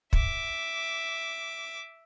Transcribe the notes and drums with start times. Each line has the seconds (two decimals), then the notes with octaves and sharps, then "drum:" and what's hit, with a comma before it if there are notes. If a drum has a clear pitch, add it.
0.13 E5 D6, drum: kick